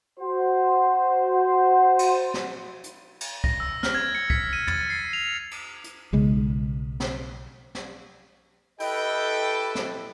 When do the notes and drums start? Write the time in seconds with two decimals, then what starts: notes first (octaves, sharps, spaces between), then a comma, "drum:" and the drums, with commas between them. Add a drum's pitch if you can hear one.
0.20 F#4 C5
1.99 drum: cymbal
2.34 drum: snare
2.84 drum: hi-hat
3.21 drum: cymbal
3.44 A#6, drum: kick C2
3.60 E6
3.83 F6, drum: snare
3.95 G#6
4.15 C#7
4.30 B6, drum: kick C2
4.53 D#7
4.67 A6, drum: tom
4.90 C7
5.13 F7
5.51 drum: cymbal
5.84 drum: hi-hat
6.13 B1 C#3 G#3
7.00 drum: snare
7.75 drum: snare
8.80 E4 G4 A4 B4 D#5 G5, drum: open hi-hat
9.75 drum: snare